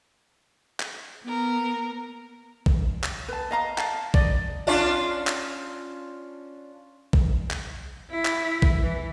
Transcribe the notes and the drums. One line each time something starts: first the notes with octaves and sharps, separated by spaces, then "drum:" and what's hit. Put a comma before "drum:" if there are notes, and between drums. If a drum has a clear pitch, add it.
drum: clap
B3 A#4
drum: kick A#1
drum: clap
B4 A5
D#5 F5 A#5
F5 A5, drum: clap
D5 D#5, drum: kick A#1
C#4 D4 F4
drum: clap
drum: kick A#1
drum: clap
E4
drum: clap
drum: kick A#1
E3